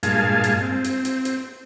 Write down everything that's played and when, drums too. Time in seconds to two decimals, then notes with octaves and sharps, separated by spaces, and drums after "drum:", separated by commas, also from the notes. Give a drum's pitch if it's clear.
0.03 G2 A#2 G#3 F5 G#5 A5, drum: hi-hat
0.44 drum: hi-hat
0.61 C4
0.84 drum: hi-hat
1.05 drum: hi-hat
1.25 drum: hi-hat